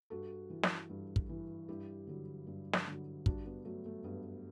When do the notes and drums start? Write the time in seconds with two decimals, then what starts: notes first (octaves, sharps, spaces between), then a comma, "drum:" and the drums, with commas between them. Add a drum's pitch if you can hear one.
0.10 G2 F#4 A4
0.50 E3
0.63 drum: snare
0.89 G2
1.16 drum: kick
1.29 E3
1.68 G2 E4 G4
2.07 D3 F#3
2.47 G2
2.73 drum: snare
2.86 D3 F#3
3.26 G2 D4 F#4, drum: kick
3.45 B3 D4
3.65 F#3 A3
3.86 A3
4.04 G2 B3